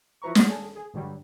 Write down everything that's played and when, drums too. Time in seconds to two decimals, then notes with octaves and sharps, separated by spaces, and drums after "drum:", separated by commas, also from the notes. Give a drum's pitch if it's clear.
0.22 F3 E4 B4 A#5 C#6
0.35 A#3, drum: snare
0.48 G#4 A4
0.75 G#4
0.94 G2 D3 F#3 G3